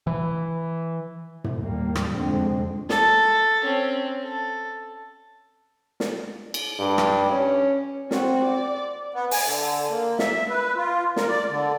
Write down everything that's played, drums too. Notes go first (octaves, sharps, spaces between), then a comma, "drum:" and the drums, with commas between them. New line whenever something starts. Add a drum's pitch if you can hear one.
E3
drum: tom
D#2 A2 G3 A#3
drum: rim click
F2 D3 G#3 C4
A4, drum: snare
C4 C#4
A4
drum: snare
drum: cymbal
G2
drum: rim click
C#4
C4 F#4, drum: snare
D5
B3
G#5, drum: open hi-hat
D3
A#3
E5, drum: snare
B4
F4
A#4, drum: snare
D5
D3